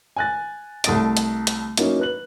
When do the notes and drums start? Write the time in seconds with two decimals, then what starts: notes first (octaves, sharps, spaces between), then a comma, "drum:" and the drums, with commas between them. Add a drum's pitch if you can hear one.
0.16 G#5 F#6 A6
0.84 C2 A3 D#6 A6 D7, drum: hi-hat
1.17 drum: hi-hat
1.47 drum: hi-hat
1.77 F#3 A#3 C#4 D#4 E4, drum: hi-hat
1.99 B4 F#6 F#7